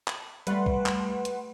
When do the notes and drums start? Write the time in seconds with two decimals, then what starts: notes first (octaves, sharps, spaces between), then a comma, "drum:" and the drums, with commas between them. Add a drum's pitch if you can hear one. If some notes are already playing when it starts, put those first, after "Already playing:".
0.08 drum: clap
0.47 G3 A3 B4 F#5 C6, drum: hi-hat
0.66 drum: kick
0.86 drum: clap
1.25 drum: hi-hat